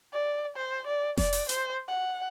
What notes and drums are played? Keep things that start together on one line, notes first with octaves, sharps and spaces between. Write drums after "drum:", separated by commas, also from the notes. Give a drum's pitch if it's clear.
D5
C5
D5
D5, drum: snare F1
drum: open hi-hat
C5, drum: hi-hat
F#5